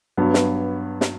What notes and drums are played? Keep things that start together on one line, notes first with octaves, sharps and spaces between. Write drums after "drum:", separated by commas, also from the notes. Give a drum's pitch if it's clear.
G2 F#3 B3
drum: snare
drum: snare